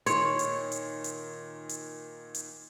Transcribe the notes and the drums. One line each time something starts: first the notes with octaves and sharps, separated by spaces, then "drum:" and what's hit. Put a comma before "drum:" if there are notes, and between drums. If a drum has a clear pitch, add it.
A#2 D#3 C#5 C6, drum: hi-hat
drum: hi-hat
drum: hi-hat
drum: hi-hat
drum: hi-hat
drum: hi-hat